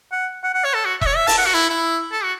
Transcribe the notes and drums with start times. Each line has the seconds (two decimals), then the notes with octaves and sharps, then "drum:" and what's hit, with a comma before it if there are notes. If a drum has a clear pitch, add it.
0.12 F#5
0.43 F#5
0.54 F#5
0.64 C#5
0.74 A4
0.85 F#4
1.01 E5, drum: kick E1
1.06 C#5
1.16 E5
1.27 A5, drum: open hi-hat
1.38 F#5
1.46 F#4
1.54 E4
1.69 E4
2.12 A4
2.23 F#4